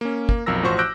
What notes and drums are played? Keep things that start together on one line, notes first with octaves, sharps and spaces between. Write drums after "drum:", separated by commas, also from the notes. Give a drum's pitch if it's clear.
A#3 C#4
A#3, drum: kick
B1 F2 A#4 E6 A#6
A1 F3 F#4 C5 C#6
D6 E6 F#6 G6 A#6 D7